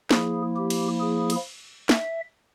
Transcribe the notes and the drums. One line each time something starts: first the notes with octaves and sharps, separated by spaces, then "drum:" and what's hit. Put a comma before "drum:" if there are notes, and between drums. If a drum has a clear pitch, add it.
F3 A#3 E4 G#4, drum: snare
G4
drum: cymbal
G#4
drum: cymbal
E5, drum: snare